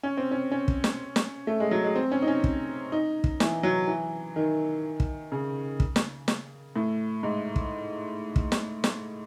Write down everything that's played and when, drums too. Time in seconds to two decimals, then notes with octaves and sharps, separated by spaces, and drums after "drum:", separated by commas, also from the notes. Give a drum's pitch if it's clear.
0.03 C#4
0.17 C4
0.31 C#4
0.51 C#4
0.68 drum: kick
0.84 drum: snare
1.16 drum: snare
1.47 A3
1.60 G#3
1.71 F#3
1.84 G#3
1.95 C4
2.12 C#4
2.22 D#4
2.28 C#4
2.44 drum: kick
2.92 D#4
3.24 drum: kick
3.40 E3, drum: snare
3.63 F#3
3.87 E3
4.36 D#3
5.00 drum: kick
5.32 C#3
5.80 drum: kick
5.96 drum: snare
6.28 drum: snare
6.76 A2
7.23 G#2
7.56 drum: kick
8.36 drum: kick
8.52 drum: snare
8.84 drum: snare